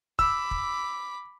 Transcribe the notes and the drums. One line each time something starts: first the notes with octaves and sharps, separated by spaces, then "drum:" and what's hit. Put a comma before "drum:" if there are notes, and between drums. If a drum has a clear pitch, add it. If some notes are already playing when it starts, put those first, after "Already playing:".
B5 D6 E6, drum: kick
drum: kick